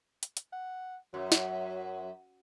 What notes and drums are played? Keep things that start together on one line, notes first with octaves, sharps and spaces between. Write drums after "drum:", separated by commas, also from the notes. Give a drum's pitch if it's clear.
drum: hi-hat
drum: hi-hat
F#5
F#2 F#3
drum: snare